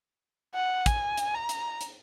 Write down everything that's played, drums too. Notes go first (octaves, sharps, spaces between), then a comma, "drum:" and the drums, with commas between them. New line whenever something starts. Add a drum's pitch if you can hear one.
F#5
G#5, drum: kick, hi-hat
drum: hi-hat
A#5
drum: hi-hat
drum: hi-hat